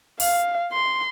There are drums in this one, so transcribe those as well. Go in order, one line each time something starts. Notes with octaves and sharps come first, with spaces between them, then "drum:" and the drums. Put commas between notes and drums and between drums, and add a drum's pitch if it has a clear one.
F5, drum: open hi-hat
C6